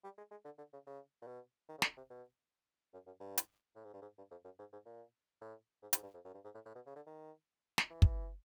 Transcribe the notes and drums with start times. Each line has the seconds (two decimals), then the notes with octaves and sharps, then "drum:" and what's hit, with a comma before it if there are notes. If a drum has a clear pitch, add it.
0.04 G3
0.18 G#3
0.31 G#3
0.45 D3
0.58 D3
0.73 C#3
0.86 C#3
1.22 A#2
1.27 B2
1.69 D#3
1.78 C#3
1.82 D3, drum: snare
1.97 C3
2.10 B2
2.93 F#2
3.06 F#2
3.20 G2
3.38 drum: hi-hat
3.75 A2
3.84 G#2
3.93 G2
4.02 G#2
4.18 G2
4.31 F2
4.44 F#2
4.59 G#2
4.73 G#2
4.85 A#2
5.41 A2
5.82 G#2
5.93 G#2, drum: hi-hat
6.03 G2
6.14 F2
6.24 F#2
6.34 G2
6.44 G#2
6.54 A2
6.65 A2
6.75 B2
6.86 C#3
6.96 D3
7.06 D#3
7.78 drum: snare
7.90 E3
8.02 drum: kick